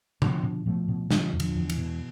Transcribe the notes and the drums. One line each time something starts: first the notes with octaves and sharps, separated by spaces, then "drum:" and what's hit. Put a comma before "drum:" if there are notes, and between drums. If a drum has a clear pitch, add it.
B2 D3 F3, drum: tom C3
B2
B2 F3 A3
B2
B2 D3 F3, drum: snare
E2
D3 F3, drum: cymbal
E2
E3, drum: cymbal
B2